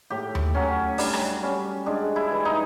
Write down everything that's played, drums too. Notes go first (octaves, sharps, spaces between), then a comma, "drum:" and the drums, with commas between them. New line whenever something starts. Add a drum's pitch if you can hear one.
A2 G4
drum: tom D#2
F#3 C#4
G3 D4, drum: open hi-hat
drum: rim click
G3 C#4
G#3 D4
E4
E3
D#4